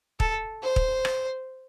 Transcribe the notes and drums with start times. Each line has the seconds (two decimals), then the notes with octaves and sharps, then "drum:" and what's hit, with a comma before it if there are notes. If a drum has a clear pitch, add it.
0.20 A4, drum: kick
0.63 C5
0.76 drum: kick
1.05 drum: rim click